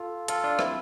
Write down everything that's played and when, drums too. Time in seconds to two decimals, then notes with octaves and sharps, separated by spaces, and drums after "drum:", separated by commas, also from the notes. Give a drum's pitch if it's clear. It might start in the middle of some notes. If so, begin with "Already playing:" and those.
Already playing: F4 A4
0.28 F4 A4, drum: hi-hat
0.44 D4 F4
0.59 C4 E4, drum: rim click